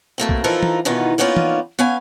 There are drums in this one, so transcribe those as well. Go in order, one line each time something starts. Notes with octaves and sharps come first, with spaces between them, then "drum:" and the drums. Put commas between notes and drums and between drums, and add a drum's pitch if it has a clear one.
B2 A3 A#3 C4
drum: kick
E3 F3 D#4 F4 A4 A#4
drum: tom E3
B2 D#3 E3 B3 D#4 F4
A#3 B3 C#4 D#4 F4 D5
drum: tom E3
B3 C#4 F5 G#5